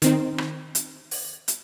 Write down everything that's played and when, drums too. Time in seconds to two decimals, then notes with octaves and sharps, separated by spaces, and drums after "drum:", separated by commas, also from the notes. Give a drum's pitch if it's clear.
0.02 D#3 C4 D#4, drum: hi-hat
0.38 drum: rim click
0.75 drum: hi-hat
1.11 drum: open hi-hat
1.48 drum: hi-hat